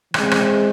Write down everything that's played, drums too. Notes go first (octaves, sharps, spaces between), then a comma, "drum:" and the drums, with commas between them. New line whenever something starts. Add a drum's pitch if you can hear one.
E3 G#3 C4, drum: rim click
drum: rim click